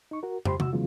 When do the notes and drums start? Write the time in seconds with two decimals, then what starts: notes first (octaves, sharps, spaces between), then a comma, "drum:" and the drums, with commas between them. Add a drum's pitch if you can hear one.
0.11 D#4 C#6
0.23 F#4 A#4
0.45 G4 C5 B5 C6, drum: tom
0.60 F#4 E6, drum: tom C3
0.73 C#3 E3 F#3 G#3 B3 F4